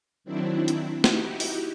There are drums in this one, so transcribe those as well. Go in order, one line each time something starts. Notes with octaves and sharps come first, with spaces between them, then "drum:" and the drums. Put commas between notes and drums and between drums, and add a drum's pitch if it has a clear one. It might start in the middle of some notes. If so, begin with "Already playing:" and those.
D#3 F#3 C4 D4 E4
drum: hi-hat
D#4 E4 F#4 G4, drum: snare
drum: open hi-hat